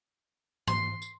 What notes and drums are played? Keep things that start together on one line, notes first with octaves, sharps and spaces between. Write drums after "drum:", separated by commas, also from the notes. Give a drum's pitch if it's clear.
C6, drum: tom G#2
drum: tambourine